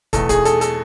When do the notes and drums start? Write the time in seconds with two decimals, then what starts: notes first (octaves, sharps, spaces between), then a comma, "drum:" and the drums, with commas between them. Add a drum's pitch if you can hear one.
0.13 E2 B2 A3 A4, drum: kick, hi-hat
0.29 G#4, drum: kick, hi-hat
0.45 A4, drum: hi-hat
0.61 A4, drum: hi-hat